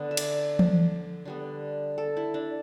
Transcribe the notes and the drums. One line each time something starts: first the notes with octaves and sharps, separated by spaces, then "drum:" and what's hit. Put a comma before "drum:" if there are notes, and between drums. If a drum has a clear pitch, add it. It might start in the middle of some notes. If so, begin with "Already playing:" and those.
Already playing: D3 B3
E5
D5, drum: cymbal
drum: tom E3
D3 G3 B3
A4
E4
D4